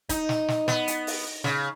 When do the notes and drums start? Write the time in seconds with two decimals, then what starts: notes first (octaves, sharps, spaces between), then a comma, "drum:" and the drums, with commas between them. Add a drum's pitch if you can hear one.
0.09 D#4, drum: kick, hi-hat
0.29 drum: snare
0.48 drum: snare
0.68 B3, drum: snare
0.88 drum: hi-hat
1.07 drum: open hi-hat
1.44 C#3, drum: snare